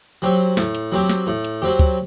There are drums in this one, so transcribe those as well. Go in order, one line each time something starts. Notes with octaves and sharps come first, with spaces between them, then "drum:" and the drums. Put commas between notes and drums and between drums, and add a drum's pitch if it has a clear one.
F#3 C4 G4
A2, drum: snare
drum: hi-hat
F#3 C4 G4
drum: snare
A2
drum: hi-hat
F#3 C4 G4
drum: kick, hi-hat